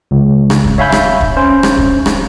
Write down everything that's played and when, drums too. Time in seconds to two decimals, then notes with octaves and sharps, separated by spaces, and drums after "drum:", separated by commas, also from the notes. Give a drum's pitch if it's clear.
0.11 C#2
0.50 drum: rim click
0.64 drum: kick
0.78 C#5 E5 F5 G#5 B5 G6
0.92 drum: rim click
1.21 drum: kick
1.37 C#4 C5
1.63 drum: rim click
1.77 drum: kick
2.06 drum: rim click